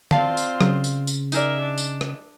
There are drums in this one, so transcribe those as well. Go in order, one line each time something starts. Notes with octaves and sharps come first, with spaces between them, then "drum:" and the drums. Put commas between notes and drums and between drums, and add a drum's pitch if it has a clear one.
C4 F4 D5 F5 A5, drum: tom D3
drum: tambourine
C#3 F#3, drum: rim click
drum: tambourine
drum: tambourine
D#4 G#4 A#4 D5 E5, drum: tambourine
D4
drum: tambourine
drum: rim click